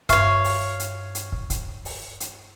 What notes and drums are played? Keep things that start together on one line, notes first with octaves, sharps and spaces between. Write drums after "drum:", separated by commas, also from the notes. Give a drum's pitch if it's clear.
G2 C#5 E5 F5 C#6, drum: kick, hi-hat
drum: open hi-hat
drum: hi-hat
drum: hi-hat
drum: kick
drum: kick, hi-hat
drum: open hi-hat
drum: hi-hat